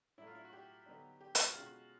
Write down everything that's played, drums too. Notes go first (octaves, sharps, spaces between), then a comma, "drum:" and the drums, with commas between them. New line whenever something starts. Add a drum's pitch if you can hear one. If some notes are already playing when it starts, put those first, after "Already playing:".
A2 F#3 A3 E4
F4
E4
F#4
G4
D3 F#3 B3 D#4
G4
F#4, drum: hi-hat
F4
B2 G#3 C#4
F#4